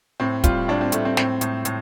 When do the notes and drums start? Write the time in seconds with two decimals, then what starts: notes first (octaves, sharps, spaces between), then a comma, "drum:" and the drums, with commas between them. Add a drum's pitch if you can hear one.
0.20 A2 C4
0.44 G3 F4, drum: kick, hi-hat
0.68 A2 D4
0.81 C4
0.92 A2 A3, drum: hi-hat
1.05 C4
1.17 A2 C4, drum: snare
1.41 A2, drum: hi-hat
1.65 A2, drum: hi-hat